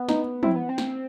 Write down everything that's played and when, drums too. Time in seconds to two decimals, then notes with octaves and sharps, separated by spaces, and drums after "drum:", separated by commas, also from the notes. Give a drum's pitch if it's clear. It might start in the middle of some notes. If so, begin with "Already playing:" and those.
Already playing: B3
0.09 D#4, drum: snare
0.43 C4 E4, drum: tom
0.56 B3
0.69 C4
0.78 drum: snare